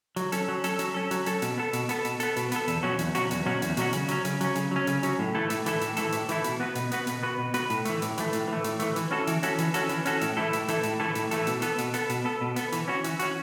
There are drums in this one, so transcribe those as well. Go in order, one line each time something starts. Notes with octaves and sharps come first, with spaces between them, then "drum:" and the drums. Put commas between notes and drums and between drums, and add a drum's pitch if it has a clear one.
F#3, drum: hi-hat
C#4 A4, drum: hi-hat
F#3
C#4 A4, drum: hi-hat
F#3, drum: hi-hat
C#4 A4
F#3, drum: hi-hat
C#4 A4, drum: hi-hat
B2, drum: hi-hat
B3 A4
B2, drum: hi-hat
B3 A4, drum: hi-hat
B2, drum: hi-hat
B3 A4, drum: hi-hat
B2, drum: hi-hat
B3 A4, drum: hi-hat
E2, drum: hi-hat
B2 F#3 C#4 F#4
E2, drum: hi-hat
B2 F#3 C#4 F#4, drum: hi-hat
E2, drum: hi-hat
B2 F#3 C#4 F#4
E2, drum: hi-hat
B2 F#3 C#4 F#4, drum: hi-hat
C#3, drum: hi-hat
F#3 C#4, drum: hi-hat
C#3, drum: hi-hat
F#3 C#4, drum: hi-hat
C#3, drum: hi-hat
F#3 C#4
C#3, drum: hi-hat
F#3 C#4, drum: hi-hat
A2
E3 A3 E4 A4
A2, drum: hi-hat
E3 A3 E4 A4, drum: hi-hat
A2, drum: hi-hat
E3 A3 E4 A4, drum: hi-hat
A2, drum: hi-hat
E3 A3 E4 A4, drum: hi-hat
B2, drum: hi-hat
B3 F#4 B4
B2, drum: hi-hat
B3 F#4 B4, drum: hi-hat
B2, drum: hi-hat
B3 F#4 B4
B2
B3 F#4 B4, drum: hi-hat
A2, drum: hi-hat
E3 A3, drum: hi-hat
A2, drum: hi-hat
E3 A3, drum: hi-hat
A2, drum: hi-hat
E3 A3
A2, drum: hi-hat
E3 A3, drum: hi-hat
E3, drum: hi-hat
C#4 F#4 A4
E3, drum: hi-hat
C#4 F#4 A4, drum: hi-hat
E3, drum: hi-hat
C#4 F#4 A4, drum: hi-hat
E3, drum: hi-hat
C#4 F#4 A4, drum: hi-hat
A2, drum: hi-hat
E3 A3 E4 A4
A2, drum: hi-hat
E3 A3 E4 A4, drum: hi-hat
A2, drum: hi-hat
E3 A3 E4 A4
A2, drum: hi-hat
E3 A3 E4 A4, drum: hi-hat
B2, drum: hi-hat
B3 A4, drum: hi-hat
B2, drum: hi-hat
B3 A4, drum: hi-hat
B2, drum: hi-hat
B3 A4
B2
B3 A4, drum: hi-hat
E3, drum: hi-hat
C#4 F#4
E3, drum: hi-hat
C#4 F#4, drum: hi-hat